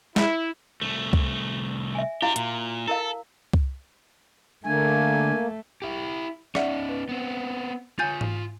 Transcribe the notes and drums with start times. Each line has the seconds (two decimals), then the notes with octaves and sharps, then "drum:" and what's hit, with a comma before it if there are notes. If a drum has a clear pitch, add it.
0.16 E4, drum: snare
0.81 C2 A3
1.13 drum: kick C2
1.95 E5 G#5
2.22 D4 E4 F#4 G4 F5
2.36 A#2, drum: hi-hat
2.87 E4 A4 A#4 F5
3.54 drum: kick C2
4.66 D3 A3 A#3 G#5
5.82 E4 G4
6.55 C#4 D#4 D5 E5 F#5, drum: rim click
6.89 B4
7.09 B3 C4
7.99 F4 C#5 G#5 G6 A6
8.21 drum: tom G#2